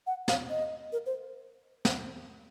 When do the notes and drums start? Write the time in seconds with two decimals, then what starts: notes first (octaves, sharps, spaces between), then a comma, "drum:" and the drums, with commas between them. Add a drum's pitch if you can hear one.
0.07 F#5
0.28 F5, drum: snare
0.50 D#5
0.92 A#4
1.06 C5
1.85 drum: snare